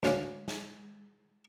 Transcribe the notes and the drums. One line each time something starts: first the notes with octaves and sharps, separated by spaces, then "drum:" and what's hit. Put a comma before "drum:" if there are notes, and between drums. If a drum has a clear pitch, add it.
D2 D3 C#4 F5 D6, drum: snare
drum: snare